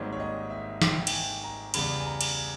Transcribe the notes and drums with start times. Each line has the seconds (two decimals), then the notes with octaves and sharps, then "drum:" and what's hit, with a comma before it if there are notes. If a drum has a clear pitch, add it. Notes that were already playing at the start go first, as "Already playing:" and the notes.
Already playing: G#1 G#2 D#3 G3 A#3 C#5
0.13 C#5
0.20 D#5
0.50 E5
0.82 G5, drum: snare
1.07 G5, drum: cymbal
1.12 G#5
1.43 A#5
1.74 E2 C#3 G3 B5, drum: cymbal
2.00 G#5
2.06 A#5
2.21 drum: cymbal
2.36 G#5